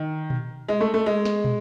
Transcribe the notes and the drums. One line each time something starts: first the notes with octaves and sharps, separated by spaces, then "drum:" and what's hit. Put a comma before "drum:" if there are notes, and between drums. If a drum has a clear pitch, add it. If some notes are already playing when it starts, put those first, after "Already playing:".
Already playing: D#3
drum: tom A#2
G#3
A3
A3
G#3
drum: snare
drum: tom